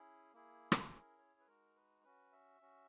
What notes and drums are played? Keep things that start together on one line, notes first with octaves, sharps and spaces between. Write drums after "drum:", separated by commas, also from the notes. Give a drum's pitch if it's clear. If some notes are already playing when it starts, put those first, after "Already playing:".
Already playing: C#4 E4 G#4
A#3 E4 G#4
drum: rim click
C#4 E4 G#4 A#4
C#5
B4
G#3 D#4 F#4 A#4
B4
C#4 F#4 B4
E5
C#4 F#4